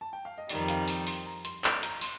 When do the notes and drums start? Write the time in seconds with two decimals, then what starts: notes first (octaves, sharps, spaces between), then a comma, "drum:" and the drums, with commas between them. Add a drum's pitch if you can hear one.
0.01 A5
0.13 G5
0.25 F5
0.38 D#5
0.49 F2 D#3 G3 D5, drum: open hi-hat
0.68 F5, drum: hi-hat
0.88 G5, drum: open hi-hat
1.07 C6, drum: open hi-hat
1.26 A#5
1.45 C6, drum: hi-hat
1.64 C6, drum: clap
1.83 A#5, drum: hi-hat
2.01 C6, drum: open hi-hat